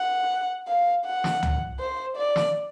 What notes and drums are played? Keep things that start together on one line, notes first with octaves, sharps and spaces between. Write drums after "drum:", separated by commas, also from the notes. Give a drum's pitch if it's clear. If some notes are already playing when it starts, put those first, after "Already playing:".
Already playing: F#5
F5
F#5
drum: snare
drum: tom
C5
D5
drum: snare